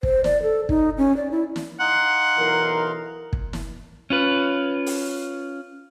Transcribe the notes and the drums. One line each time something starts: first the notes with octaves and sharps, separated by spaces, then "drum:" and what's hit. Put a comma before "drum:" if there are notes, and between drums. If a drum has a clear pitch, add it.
C5, drum: kick
D5, drum: snare
A4
D#4, drum: kick
C#4
D5
E4
drum: snare
D#4 F5 F#5 C6
B1 E3 A#4
drum: kick
drum: snare
C#4 F4 B4
drum: open hi-hat